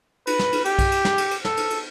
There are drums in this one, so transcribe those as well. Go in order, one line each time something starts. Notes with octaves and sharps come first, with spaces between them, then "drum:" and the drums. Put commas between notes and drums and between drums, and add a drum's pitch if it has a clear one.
B4, drum: cymbal
drum: snare
drum: cymbal
G4, drum: cymbal
drum: kick B1, cymbal
drum: cymbal
drum: snare
drum: cymbal
drum: cymbal
A4, drum: snare
drum: cymbal
drum: cymbal